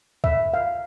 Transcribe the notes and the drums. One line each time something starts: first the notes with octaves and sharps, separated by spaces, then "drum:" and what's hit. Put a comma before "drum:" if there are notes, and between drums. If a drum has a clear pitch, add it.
E5, drum: kick
F5